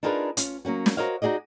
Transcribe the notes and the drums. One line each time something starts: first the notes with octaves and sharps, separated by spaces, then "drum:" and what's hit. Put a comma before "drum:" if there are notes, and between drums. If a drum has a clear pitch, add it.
D4 D#4 F4 G#4 A#4 B4
C#4 F4, drum: hi-hat
F#3 A#3 C#4 F#4
drum: snare
F#4 A#4 C5 C#5 D#5 F5
D#4 F#4 G#4 D5 D#5